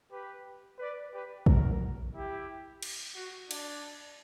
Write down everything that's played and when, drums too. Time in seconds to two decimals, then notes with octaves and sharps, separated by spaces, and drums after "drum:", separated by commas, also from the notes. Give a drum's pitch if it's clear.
0.11 G4 B4
0.79 B4 D5
1.13 G4 B4
1.46 F#4 A#4, drum: kick
2.15 E4 G4
2.83 drum: cymbal
3.16 F#4
3.51 D4, drum: cymbal